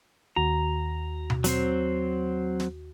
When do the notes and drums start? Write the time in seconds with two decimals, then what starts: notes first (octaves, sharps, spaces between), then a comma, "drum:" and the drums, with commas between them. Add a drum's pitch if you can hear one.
0.36 D#2 F#4 A#5
1.30 drum: tom B2
1.44 F#3 C4 C5, drum: hi-hat
2.60 drum: snare